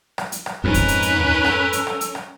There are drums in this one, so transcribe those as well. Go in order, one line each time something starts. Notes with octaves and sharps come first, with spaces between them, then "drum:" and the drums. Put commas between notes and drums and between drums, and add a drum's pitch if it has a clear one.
drum: rim click
drum: hi-hat
drum: rim click
F2 G#2 C#4 D#4 A#4 B4
drum: kick, hi-hat
drum: hi-hat
drum: hi-hat
drum: tom D2
A4, drum: rim click
drum: hi-hat
drum: rim click
drum: hi-hat
drum: rim click